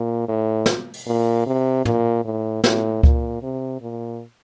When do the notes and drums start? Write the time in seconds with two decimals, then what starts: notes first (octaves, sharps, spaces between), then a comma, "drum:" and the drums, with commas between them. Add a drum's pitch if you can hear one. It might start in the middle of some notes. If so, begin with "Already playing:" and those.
Already playing: A#2
0.28 A2
0.66 drum: snare
0.94 drum: open hi-hat
1.06 A#2
1.46 C3
1.85 A#2, drum: tom
2.25 A2
2.64 A2, drum: snare
3.03 A#2, drum: kick C#2
3.42 C3
3.81 A#2